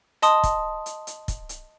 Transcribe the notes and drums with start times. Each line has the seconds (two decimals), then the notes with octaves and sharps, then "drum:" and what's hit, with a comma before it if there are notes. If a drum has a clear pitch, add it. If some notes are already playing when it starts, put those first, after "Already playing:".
0.22 D#5 A5 C6 D#6, drum: hi-hat
0.44 drum: kick, hi-hat
0.86 drum: hi-hat
1.07 drum: hi-hat
1.28 drum: kick, hi-hat
1.49 drum: hi-hat